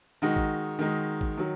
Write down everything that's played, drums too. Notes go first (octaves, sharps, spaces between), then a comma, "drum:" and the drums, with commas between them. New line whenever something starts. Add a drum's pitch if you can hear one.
D#3 G#3 D#4 F#4
drum: kick A1
D#3 G#3 D#4 F#4
drum: kick A1
D#3 F#3